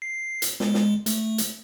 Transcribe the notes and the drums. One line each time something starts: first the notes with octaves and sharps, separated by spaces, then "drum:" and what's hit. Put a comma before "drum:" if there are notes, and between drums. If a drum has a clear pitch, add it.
C7
drum: hi-hat
G#3, drum: snare
drum: snare
A3, drum: hi-hat
drum: hi-hat